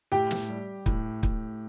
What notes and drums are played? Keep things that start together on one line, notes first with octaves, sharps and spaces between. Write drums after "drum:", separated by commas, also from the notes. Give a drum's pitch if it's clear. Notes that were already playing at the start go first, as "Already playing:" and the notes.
A2 G4 G5
drum: snare
G3
A2, drum: kick
A2, drum: kick